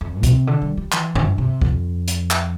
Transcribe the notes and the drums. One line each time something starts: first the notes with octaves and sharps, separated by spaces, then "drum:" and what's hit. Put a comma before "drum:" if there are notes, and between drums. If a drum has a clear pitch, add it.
F2
C3, drum: kick, hi-hat
D3
G3
G3
E3, drum: clap
D3, drum: tom F#2
C3
F2, drum: kick
drum: hi-hat
drum: clap